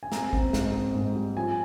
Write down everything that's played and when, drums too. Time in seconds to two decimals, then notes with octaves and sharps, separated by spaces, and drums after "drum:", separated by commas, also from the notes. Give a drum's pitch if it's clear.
0.03 G#5
0.12 C4 A#5, drum: snare
0.33 C4, drum: kick
0.53 G#2, drum: snare
0.74 C4
0.95 G#2
1.15 G3
1.36 F3 G#5